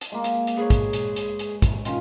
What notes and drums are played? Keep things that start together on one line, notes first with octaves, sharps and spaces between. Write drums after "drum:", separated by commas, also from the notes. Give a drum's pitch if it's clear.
drum: hi-hat
G#3 A#3
drum: hi-hat
drum: hi-hat
G#4 B4 C#5
drum: kick, hi-hat
drum: hi-hat
drum: hi-hat
drum: hi-hat
drum: kick, hi-hat
D#3 C#4 F4, drum: hi-hat